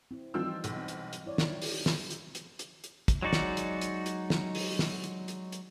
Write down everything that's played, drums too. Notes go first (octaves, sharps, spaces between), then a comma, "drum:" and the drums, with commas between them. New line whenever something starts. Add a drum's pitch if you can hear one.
C4 E4
E3 F3 G3 C4 D#4 E6
B1, drum: hi-hat
C4
drum: hi-hat
drum: hi-hat
E4 C#5 D5
D#3 F4, drum: snare
drum: open hi-hat
drum: snare
drum: hi-hat
drum: hi-hat
drum: hi-hat
drum: hi-hat
drum: kick, hi-hat
F#3 G#3 D#4 F#4 D5
drum: snare
drum: hi-hat
drum: hi-hat
drum: hi-hat
drum: snare
drum: open hi-hat
drum: snare
drum: hi-hat
drum: hi-hat
drum: hi-hat